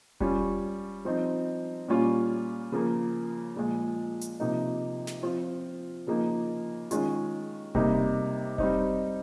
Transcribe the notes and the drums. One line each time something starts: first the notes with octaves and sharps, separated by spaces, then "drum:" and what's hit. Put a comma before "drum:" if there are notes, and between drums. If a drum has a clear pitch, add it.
G3 C#4 F4, drum: kick F1
F3 C4 D#4
A#2 G3 C#4 F4
C#3 F3 A#3
A#2 F3 G#3
drum: hi-hat
C3 F3 A#3 D#4
drum: snare
F3 C4 F4
C#3 F3 A#3 D#4
D#3 G#3 C#4 F4, drum: hi-hat
C3 G3 A#3 D#4, drum: kick F1
G3 C4 D#4, drum: kick F1